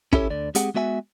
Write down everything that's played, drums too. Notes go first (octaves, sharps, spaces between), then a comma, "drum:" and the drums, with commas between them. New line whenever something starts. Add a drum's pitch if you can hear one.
C#4 E4 G4 A4 C#5, drum: kick
D2 D3 D5
G#3 C4 G4 G#4 F#5, drum: hi-hat
G#3 B3 F#4 E5 G5 G#5